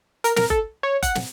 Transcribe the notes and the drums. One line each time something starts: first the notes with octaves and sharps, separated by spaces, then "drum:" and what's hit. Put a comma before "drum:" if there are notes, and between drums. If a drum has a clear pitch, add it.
A#4, drum: hi-hat
A#4, drum: snare
A4, drum: kick F#1
C#5
F#5, drum: kick F#1, hi-hat
drum: snare